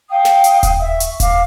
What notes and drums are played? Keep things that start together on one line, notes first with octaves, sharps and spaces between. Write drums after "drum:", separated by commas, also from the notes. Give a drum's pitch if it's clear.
F5 G5 D#6
drum: snare
drum: hi-hat
drum: kick D#1, hi-hat
E5
C#6, drum: hi-hat
F5 D6, drum: kick D#1, hi-hat